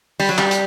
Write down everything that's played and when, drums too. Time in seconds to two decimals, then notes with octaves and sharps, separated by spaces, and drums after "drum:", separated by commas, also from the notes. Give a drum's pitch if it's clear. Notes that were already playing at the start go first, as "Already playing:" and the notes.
0.20 G3, drum: open hi-hat
0.29 F#3
0.38 G3, drum: clap
0.51 drum: hi-hat